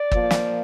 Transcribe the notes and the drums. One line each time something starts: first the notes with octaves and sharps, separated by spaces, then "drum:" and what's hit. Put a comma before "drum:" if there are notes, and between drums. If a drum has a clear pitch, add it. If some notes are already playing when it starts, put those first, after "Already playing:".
Already playing: D5
A#2 F3 A#3, drum: kick
drum: snare